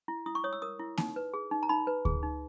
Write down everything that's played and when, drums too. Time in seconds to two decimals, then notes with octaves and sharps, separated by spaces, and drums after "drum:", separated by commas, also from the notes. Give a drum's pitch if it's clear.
0.08 E4
0.26 E4 D#6
0.35 C#6
0.44 C#5 D#6
0.53 E6
0.62 A#4 D#6
0.79 E4
0.97 D#4, drum: snare A#3
1.16 B4
1.34 G#4
1.51 D#4
1.63 A#5
1.69 D#4 B5
1.87 B4
2.05 G#4, drum: kick D2
2.23 D#4